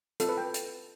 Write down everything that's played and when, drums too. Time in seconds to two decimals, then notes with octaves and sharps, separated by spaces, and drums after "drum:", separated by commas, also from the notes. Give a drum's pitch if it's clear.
0.20 C4 F4 A4, drum: hi-hat
0.29 B4
0.38 G5
0.54 drum: hi-hat